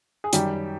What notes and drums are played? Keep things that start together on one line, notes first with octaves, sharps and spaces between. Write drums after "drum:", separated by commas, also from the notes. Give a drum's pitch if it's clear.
G#4
F#2 D#3 G3 G4, drum: hi-hat